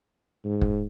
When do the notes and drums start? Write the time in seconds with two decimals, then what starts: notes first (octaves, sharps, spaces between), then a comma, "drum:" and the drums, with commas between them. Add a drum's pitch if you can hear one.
0.44 G#2
0.61 drum: kick